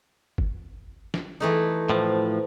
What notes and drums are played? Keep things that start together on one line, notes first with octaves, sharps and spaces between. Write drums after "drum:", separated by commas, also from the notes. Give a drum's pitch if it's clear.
drum: kick G1
drum: snare
E3 A3 D#4
A2 F3 C5